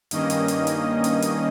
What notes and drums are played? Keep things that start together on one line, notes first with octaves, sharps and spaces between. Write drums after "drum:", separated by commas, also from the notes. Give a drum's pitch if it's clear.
G2 D#3 A#3 C#4 D#5, drum: hi-hat
drum: hi-hat
drum: hi-hat
drum: hi-hat
drum: hi-hat
drum: hi-hat